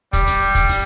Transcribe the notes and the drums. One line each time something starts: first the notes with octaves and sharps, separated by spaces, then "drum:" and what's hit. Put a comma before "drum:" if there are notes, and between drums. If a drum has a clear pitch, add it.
G3, drum: kick, hi-hat
drum: hi-hat
drum: kick, hi-hat
drum: open hi-hat